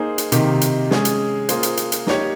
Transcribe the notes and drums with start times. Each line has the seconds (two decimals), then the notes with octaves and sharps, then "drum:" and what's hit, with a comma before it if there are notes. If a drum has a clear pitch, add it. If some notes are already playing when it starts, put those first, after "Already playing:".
Already playing: A#3 D#4 G#4 C5
0.18 drum: hi-hat
0.32 C3 D#3 A#3 D#4 G4, drum: hi-hat
0.61 drum: hi-hat
0.91 G#3 C#4 G#4, drum: snare
1.05 drum: hi-hat
1.49 A#3 F4 G#4 C5, drum: hi-hat
1.63 drum: hi-hat
1.77 drum: hi-hat
1.92 drum: hi-hat
2.07 A#3 D#4 G4 C#5, drum: snare